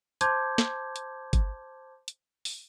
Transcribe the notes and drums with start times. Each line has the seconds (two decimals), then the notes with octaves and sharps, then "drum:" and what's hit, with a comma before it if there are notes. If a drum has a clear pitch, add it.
0.21 C5 A5 C6 D6 G6 G#6, drum: hi-hat
0.58 drum: snare
0.96 drum: hi-hat
1.33 drum: kick, hi-hat
2.08 drum: hi-hat
2.45 drum: open hi-hat